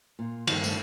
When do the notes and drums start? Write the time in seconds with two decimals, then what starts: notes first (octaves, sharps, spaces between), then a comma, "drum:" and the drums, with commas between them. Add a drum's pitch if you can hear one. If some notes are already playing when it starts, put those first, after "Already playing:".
0.19 A#2 F4
0.47 G2 D#3 F3 A#3 G#4, drum: cymbal
0.64 A3 C4 D4, drum: tambourine